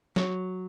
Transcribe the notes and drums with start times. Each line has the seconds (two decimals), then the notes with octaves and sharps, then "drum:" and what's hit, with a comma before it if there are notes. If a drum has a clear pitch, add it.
0.16 F#3, drum: snare